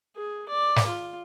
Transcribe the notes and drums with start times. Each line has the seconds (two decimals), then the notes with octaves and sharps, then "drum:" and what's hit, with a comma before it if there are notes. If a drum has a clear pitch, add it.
0.17 G#4
0.49 D5
0.76 drum: snare
0.87 F4